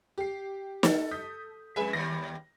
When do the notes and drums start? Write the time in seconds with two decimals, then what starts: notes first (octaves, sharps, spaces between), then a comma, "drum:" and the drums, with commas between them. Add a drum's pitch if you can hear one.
0.18 G4 C7
0.83 A4, drum: snare
1.11 D#6 G6 B6
1.76 F2 G#3 G#4 B4 E5
1.93 D#2 G3 A#6